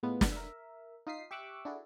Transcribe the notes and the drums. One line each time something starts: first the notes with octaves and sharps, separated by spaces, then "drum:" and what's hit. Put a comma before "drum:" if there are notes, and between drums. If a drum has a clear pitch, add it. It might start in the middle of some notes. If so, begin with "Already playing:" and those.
A2 G#3 B3 F4
drum: snare
A#4 E5
D#4 F4 D#6 B6 C7
G4 E5 C#6 D6 E6 F#6
D4 E4 F#4 G#4 A4